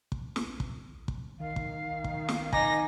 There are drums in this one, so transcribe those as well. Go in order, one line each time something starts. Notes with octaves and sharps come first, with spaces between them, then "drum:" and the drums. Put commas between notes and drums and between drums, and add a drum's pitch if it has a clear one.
drum: kick
drum: snare
drum: kick
drum: kick
D#3 F5
drum: kick
drum: kick
drum: snare
D#4 G#5 A#5 D6 A#6, drum: kick